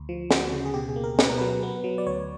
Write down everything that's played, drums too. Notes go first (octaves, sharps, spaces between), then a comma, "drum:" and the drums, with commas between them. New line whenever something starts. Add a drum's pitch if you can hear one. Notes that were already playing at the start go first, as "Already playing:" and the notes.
Already playing: D2
F3
D2 F#4, drum: snare
C#3
G#4
B2 G4
G#4
A#3
A#4
B2 B4, drum: snare
A#4
F#3 B4
B3
F#3
D5
D2 C#5